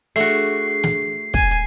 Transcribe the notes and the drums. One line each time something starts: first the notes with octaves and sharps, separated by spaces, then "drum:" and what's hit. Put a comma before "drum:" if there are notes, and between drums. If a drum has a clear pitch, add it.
A3 D4 F#4 G#4 C7
drum: snare
G#5, drum: kick